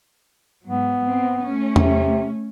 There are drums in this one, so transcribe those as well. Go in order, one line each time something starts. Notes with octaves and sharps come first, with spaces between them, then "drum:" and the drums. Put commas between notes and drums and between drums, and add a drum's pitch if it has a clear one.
G#2 F#3 B3
C4
A3 C#4
C3, drum: tom E2